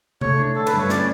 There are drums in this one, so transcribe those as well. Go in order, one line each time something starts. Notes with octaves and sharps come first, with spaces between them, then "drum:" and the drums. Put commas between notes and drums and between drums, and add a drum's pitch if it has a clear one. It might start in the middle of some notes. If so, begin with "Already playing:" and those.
A3 C#5, drum: tom C3
D4
D3 A4
B4, drum: cymbal
G2
C#5
C#4 D5, drum: snare